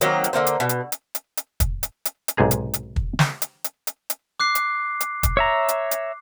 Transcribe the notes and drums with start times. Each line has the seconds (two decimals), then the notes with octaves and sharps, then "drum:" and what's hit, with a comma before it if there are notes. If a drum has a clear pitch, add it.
0.01 D#3 F#3 A#3 C4, drum: hi-hat
0.24 drum: hi-hat
0.33 D3 A#3 C4 C5
0.47 drum: hi-hat
0.60 B2
0.69 drum: hi-hat
0.92 drum: hi-hat
1.15 drum: hi-hat
1.37 drum: hi-hat
1.60 drum: kick, hi-hat
1.83 drum: hi-hat
2.05 drum: hi-hat
2.28 drum: hi-hat
2.37 B1 G#2 C3 G#4 A#5
2.51 drum: hi-hat
2.74 drum: hi-hat
2.96 drum: kick
3.19 drum: snare
3.42 drum: hi-hat
3.64 drum: hi-hat
3.87 drum: hi-hat
4.10 drum: hi-hat
4.40 D6 F#6 C7
4.55 drum: hi-hat
5.00 drum: hi-hat
5.23 drum: kick, hi-hat
5.37 C#5 E5 A#5
5.69 drum: hi-hat
5.91 drum: hi-hat